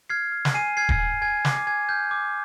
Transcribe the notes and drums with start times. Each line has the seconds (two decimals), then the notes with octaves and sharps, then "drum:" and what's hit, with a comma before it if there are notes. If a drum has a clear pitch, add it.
0.10 F6 G#6 C7
0.32 F6
0.45 drum: snare
0.54 G#5 C7 D#7
0.77 F6 G#6 C7
0.89 drum: kick D#1
0.99 G#5
1.22 G#5 G#6
1.45 D6, drum: snare
1.67 G#5 G#6
1.89 F6 G6
2.11 D6